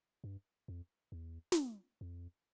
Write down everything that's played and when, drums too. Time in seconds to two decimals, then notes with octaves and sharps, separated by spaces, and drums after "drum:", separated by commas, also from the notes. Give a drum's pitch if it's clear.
0.24 G2
0.68 F2
1.12 E2
1.52 drum: snare
2.01 F2